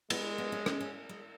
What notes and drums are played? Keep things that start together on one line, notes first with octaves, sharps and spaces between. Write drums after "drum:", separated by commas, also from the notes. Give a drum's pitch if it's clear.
G#3 B3, drum: cymbal
B3
C#4
C#4, drum: rim click
C#4
G#3